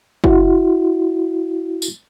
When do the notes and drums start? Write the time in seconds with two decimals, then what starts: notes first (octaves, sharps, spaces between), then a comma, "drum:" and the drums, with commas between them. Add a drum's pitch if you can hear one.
0.24 E4 F#4, drum: kick
1.82 drum: tambourine